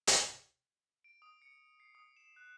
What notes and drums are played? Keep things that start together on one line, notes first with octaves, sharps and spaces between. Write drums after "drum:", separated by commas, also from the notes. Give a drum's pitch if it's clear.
drum: hi-hat
D7
D#6
C#7
C7
D#6
E7
F#6